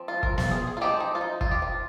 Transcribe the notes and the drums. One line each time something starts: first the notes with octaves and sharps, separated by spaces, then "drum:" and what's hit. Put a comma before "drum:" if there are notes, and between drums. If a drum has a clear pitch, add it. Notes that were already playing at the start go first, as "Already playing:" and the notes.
Already playing: F3 C4
F4
A#4, drum: kick
F4, drum: snare
G#4
G#4
F4
F3 G#3 C4 D#4 G4
D#4
F4
D#4
F4, drum: kick
G4
F4